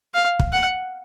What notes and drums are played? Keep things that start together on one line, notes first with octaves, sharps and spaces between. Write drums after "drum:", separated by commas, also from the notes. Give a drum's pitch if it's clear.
F5
drum: kick
F#5